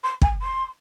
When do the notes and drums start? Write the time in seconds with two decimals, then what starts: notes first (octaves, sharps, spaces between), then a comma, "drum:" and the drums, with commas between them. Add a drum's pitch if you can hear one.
0.03 C6
0.22 G#5, drum: kick
0.42 C6